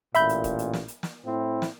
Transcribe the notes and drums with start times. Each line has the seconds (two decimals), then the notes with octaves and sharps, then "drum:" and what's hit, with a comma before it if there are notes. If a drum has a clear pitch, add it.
0.15 A1 A#2 E5 B5 G6, drum: hi-hat
0.29 drum: hi-hat
0.44 drum: kick E1, hi-hat
0.59 drum: hi-hat
0.73 drum: snare
0.88 drum: hi-hat
1.03 drum: snare
1.25 A2 C4 E4
1.62 drum: snare